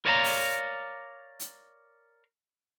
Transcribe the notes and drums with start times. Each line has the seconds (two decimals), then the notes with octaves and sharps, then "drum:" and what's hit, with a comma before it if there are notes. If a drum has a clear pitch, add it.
0.05 A#4 C#5 D5 F5 A5 A#5
0.24 drum: open hi-hat
1.40 drum: hi-hat